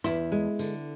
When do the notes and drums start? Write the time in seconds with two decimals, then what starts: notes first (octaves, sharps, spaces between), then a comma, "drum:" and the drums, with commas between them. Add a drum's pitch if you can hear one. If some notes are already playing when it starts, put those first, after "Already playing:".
0.04 E2 E4, drum: rim click
0.32 G#3
0.59 D3, drum: tambourine